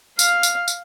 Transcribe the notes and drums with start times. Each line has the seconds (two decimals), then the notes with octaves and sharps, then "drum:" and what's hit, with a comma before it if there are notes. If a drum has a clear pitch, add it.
0.19 F5, drum: tambourine
0.43 drum: tambourine
0.68 drum: tambourine